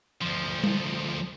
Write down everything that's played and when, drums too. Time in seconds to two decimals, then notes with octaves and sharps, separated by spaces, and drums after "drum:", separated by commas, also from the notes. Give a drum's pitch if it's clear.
0.22 D2 F3
0.64 drum: tom G3